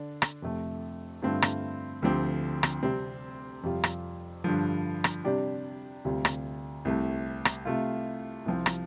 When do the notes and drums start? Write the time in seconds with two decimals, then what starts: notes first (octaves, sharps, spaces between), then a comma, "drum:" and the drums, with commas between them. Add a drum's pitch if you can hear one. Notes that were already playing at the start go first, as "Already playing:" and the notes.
Already playing: D3 D4
0.22 drum: rim click
0.42 F2 C3 A3
1.22 G2 D3 A3 C4 F4
1.42 drum: rim click
2.02 D2 D3 F3 C4 G4
2.63 drum: rim click
2.83 C3 G3 C4
3.63 F2 C3 G3 F4
3.84 drum: rim click
4.44 G2 D3 F3
5.04 drum: rim click
5.24 C3 G3 D4 G4
6.05 D2 C3 G3 F4
6.25 drum: rim click
6.85 C2 C3 A3
7.45 drum: rim click
7.65 C3 A3 F4
8.46 C2 C3 F3 C4
8.66 drum: rim click